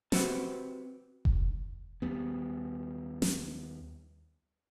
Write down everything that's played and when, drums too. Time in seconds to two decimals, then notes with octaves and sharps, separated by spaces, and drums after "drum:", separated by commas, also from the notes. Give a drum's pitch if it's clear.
0.12 C4 F#4 G4 B4 C5 A5, drum: snare
1.25 drum: kick F1
2.02 D#2 G3 B3
3.22 drum: snare